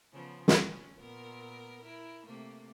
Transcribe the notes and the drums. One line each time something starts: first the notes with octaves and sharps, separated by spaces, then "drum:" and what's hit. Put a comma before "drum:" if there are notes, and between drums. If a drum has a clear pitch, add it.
C#3 F3 B3
C#4, drum: snare
A#2 B3 A#4
E4 A#4
C3 A3 A#3